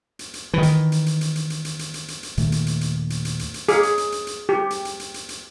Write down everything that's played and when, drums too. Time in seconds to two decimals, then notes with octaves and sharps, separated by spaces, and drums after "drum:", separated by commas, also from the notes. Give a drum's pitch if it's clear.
0.19 drum: hi-hat
0.34 drum: hi-hat
0.54 D#3 E3
0.63 drum: hi-hat
0.92 drum: hi-hat
1.06 drum: hi-hat
1.21 drum: hi-hat
1.36 drum: hi-hat
1.50 drum: hi-hat
1.65 drum: hi-hat
1.79 drum: hi-hat
1.94 drum: hi-hat
2.08 drum: hi-hat
2.23 drum: hi-hat
2.37 D#2 A#2 D#3 A3, drum: hi-hat
2.52 drum: hi-hat
2.67 drum: hi-hat
2.81 drum: hi-hat
3.10 drum: hi-hat
3.25 drum: hi-hat
3.39 drum: hi-hat
3.54 drum: hi-hat
3.69 G#4, drum: hi-hat
3.83 drum: hi-hat
3.98 drum: hi-hat
4.12 drum: hi-hat
4.27 drum: hi-hat
4.49 G4
4.70 drum: hi-hat
4.85 drum: hi-hat
5.00 drum: hi-hat
5.14 drum: hi-hat
5.29 drum: hi-hat